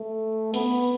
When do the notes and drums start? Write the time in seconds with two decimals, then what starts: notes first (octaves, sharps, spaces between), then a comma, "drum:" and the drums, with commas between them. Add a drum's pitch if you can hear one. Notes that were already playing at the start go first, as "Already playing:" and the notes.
Already playing: A3
0.54 B3, drum: hi-hat